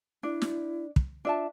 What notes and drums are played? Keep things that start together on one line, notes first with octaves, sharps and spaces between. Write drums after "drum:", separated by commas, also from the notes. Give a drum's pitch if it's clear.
D4 E4
drum: snare
drum: kick
D4 F4 E5 A5